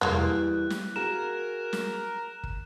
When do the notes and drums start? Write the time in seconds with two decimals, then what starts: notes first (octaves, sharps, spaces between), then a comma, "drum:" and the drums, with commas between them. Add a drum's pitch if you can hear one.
0.01 E3 F3 G3 G#3 A#3 F#6, drum: tom E2
0.70 drum: snare
0.96 F#4 G#4 A#4 F5 E7
1.73 drum: snare
2.44 drum: kick